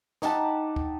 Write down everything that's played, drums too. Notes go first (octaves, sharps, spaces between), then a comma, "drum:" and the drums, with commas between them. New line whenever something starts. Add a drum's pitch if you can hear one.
D#4 G4 F#5 A5, drum: snare
drum: kick